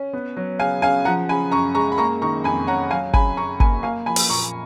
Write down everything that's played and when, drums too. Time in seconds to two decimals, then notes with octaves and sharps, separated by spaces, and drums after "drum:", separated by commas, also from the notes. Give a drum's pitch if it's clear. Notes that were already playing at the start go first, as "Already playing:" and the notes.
Already playing: C#4
0.13 B3
0.37 F#3
0.59 C#3 F5 G#5
0.82 C#3 F5 G#5
1.05 F3 F#5 A#5
1.29 C#3 G#5 B5
1.52 F#2 A#5 C#6
1.75 G#3 A#5 C#6
1.92 B5
1.98 A#3 A#5 C#6
2.22 D#3 A#5 C#6
2.44 F2 G#5 B5
2.67 C#4 F#5 A#5
2.90 F#3 F5 G#5
3.14 C#3 G#5 B5, drum: kick G1
3.37 F#2 A#5 C#6
3.60 A#3 G#5 B5, drum: kick G1
3.83 A#3 F5 G#5
4.06 F3 G#5 B5
4.16 drum: open hi-hat
4.30 A#2 A#5 C#6